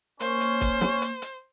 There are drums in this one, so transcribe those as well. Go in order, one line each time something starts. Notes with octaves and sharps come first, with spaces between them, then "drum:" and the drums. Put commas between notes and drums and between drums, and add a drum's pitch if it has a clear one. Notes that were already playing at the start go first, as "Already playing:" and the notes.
A#3 C#4 C5 C#5, drum: hi-hat
drum: hi-hat
drum: kick, hi-hat
drum: snare
drum: hi-hat
drum: hi-hat